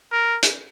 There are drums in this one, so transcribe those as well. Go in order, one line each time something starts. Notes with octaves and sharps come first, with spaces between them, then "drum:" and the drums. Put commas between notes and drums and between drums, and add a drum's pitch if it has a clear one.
A#4
drum: hi-hat